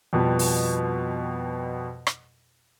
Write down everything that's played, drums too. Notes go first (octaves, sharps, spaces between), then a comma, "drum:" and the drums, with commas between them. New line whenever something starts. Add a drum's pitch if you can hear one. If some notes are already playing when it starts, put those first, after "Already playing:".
F2 B2 G3 B4 A5
drum: open hi-hat
drum: rim click